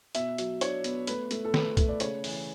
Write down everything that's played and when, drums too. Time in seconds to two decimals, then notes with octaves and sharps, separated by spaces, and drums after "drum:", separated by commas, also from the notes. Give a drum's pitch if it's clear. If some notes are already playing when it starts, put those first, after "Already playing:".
0.15 B2 E5, drum: hi-hat
0.38 F#3, drum: hi-hat
0.61 D4 C#5, drum: hi-hat
0.84 B3, drum: hi-hat
1.07 A3 B4, drum: hi-hat
1.31 A3, drum: hi-hat
1.45 A4
1.54 A3 B4, drum: snare
1.77 A3, drum: kick, hi-hat
1.88 D5
2.00 C#3 C#5, drum: hi-hat
2.24 E3, drum: open hi-hat